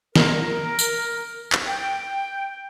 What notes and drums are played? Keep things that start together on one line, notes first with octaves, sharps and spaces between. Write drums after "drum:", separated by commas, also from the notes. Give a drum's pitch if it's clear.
A#4, drum: snare
drum: tambourine
drum: clap
G5